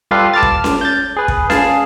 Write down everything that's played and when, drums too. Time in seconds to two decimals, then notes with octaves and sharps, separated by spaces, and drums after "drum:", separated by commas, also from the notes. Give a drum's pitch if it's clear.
0.11 G3 F4 G4 A4 B4 F5
0.34 A5 D6 F6 A6
0.43 drum: kick
0.64 drum: snare C#4
0.81 G6 A6
1.17 G#4 B4
1.28 drum: kick
1.50 G#4 F5 A5, drum: snare C#4